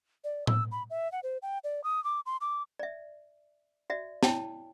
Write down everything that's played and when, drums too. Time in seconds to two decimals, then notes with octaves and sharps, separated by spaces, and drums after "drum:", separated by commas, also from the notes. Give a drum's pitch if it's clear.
0.24 D5
0.47 E6, drum: tom A2
0.72 B5
0.90 E5
1.12 F#5
1.23 C5
1.42 G5
1.64 D5
1.84 D#6
2.04 D6
2.26 C6
2.41 D6
2.79 D5 E5
3.90 F#4 D5 E5
4.23 E4 C#5 G5 A5, drum: snare